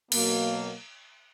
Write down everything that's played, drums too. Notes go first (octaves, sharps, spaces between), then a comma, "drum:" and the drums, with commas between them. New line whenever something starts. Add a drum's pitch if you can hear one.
B2 F#3 A#3, drum: cymbal